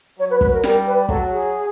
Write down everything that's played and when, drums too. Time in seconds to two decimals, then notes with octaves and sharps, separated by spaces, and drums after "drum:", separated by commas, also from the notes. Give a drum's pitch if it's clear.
0.18 F#3 C#5
0.30 B4
0.41 B4, drum: kick
0.52 A#4
0.63 G3 A#4, drum: snare
0.86 B4
1.09 F#3 A4, drum: kick
1.31 G#4